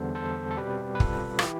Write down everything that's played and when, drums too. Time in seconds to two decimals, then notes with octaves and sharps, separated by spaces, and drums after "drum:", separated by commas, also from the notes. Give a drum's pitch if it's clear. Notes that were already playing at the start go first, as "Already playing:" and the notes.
Already playing: E2 D3 G3 B3 A4 C5
0.15 A4 C5
0.51 A4
0.57 B2 G3 C4 G4 B4
0.95 B4
1.00 F4 A4, drum: kick
1.39 F4, drum: rim click
1.43 E3 E4 G4